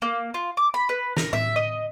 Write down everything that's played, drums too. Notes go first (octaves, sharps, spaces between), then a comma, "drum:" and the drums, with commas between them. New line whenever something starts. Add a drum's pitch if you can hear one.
A#3
F4
D6
B5
B4
A#4, drum: snare
E5, drum: tom A2
D#5